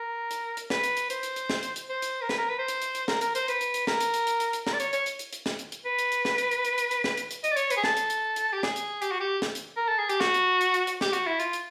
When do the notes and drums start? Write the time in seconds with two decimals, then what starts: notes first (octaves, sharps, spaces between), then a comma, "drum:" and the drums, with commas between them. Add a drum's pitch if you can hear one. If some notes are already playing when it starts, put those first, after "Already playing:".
Already playing: A#4
0.31 drum: hi-hat
0.57 drum: hi-hat
0.70 B4, drum: snare
0.83 drum: hi-hat
0.97 drum: hi-hat
1.10 C5, drum: hi-hat
1.23 drum: hi-hat
1.36 drum: hi-hat
1.50 drum: snare
1.63 drum: hi-hat
1.76 drum: hi-hat
1.89 C5
2.02 drum: hi-hat
2.21 A#4
2.29 B4, drum: snare
2.38 A#4
2.49 B4
2.59 C5
2.68 drum: hi-hat
2.82 drum: hi-hat
2.95 drum: hi-hat
3.08 A#4, drum: snare
3.21 A#4, drum: hi-hat
3.35 C5, drum: hi-hat
3.48 B4, drum: hi-hat
3.61 drum: hi-hat
3.74 drum: hi-hat
3.87 A#4, drum: snare
4.00 drum: hi-hat
4.14 drum: hi-hat
4.27 drum: hi-hat
4.40 drum: hi-hat
4.53 drum: hi-hat
4.67 A#4, drum: snare
4.73 D5
4.80 C#5, drum: hi-hat
4.93 C#5, drum: hi-hat
5.06 drum: hi-hat
5.19 drum: hi-hat
5.33 drum: hi-hat
5.46 drum: snare
5.59 drum: hi-hat
5.72 drum: hi-hat
5.85 B4
5.99 drum: hi-hat
6.12 drum: hi-hat
6.25 drum: snare
6.38 drum: hi-hat
6.51 drum: hi-hat
6.65 drum: hi-hat
6.78 drum: hi-hat
6.91 drum: hi-hat
7.04 drum: snare
7.17 drum: hi-hat
7.31 drum: hi-hat
7.44 D#5, drum: hi-hat
7.51 D5
7.57 C#5, drum: hi-hat
7.70 B4, drum: hi-hat
7.77 G#4
7.84 A4, drum: snare
7.97 drum: hi-hat
8.10 drum: hi-hat
8.36 drum: hi-hat
8.53 G4
8.63 G#4, drum: snare
8.76 drum: hi-hat
9.02 G4, drum: hi-hat
9.12 F#4
9.20 G4
9.42 drum: snare
9.55 drum: hi-hat
9.77 A#4
9.88 A4
9.98 G#4
10.09 G4, drum: hi-hat
10.21 F#4, drum: snare
10.34 drum: hi-hat
10.61 drum: hi-hat
10.74 drum: hi-hat
10.87 drum: hi-hat
11.01 G4, drum: snare
11.13 F#4, drum: hi-hat
11.26 E4
11.40 F4, drum: hi-hat
11.53 drum: hi-hat